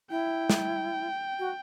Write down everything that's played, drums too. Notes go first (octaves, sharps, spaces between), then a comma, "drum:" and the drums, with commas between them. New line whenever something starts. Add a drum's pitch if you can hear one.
E4 G5
drum: snare
F#4